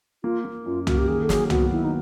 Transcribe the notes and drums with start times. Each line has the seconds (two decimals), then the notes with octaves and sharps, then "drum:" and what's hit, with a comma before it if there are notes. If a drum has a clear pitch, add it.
0.24 A#3 F4
0.45 A#3
0.65 F#2 F4
0.87 A#3 F#4, drum: tom C2
0.98 G4
1.08 D#3 G#4
1.23 A4
1.29 F#3 G#4, drum: snare
1.50 B3 F#4, drum: tom C2
1.72 D#3 E4
1.84 D#4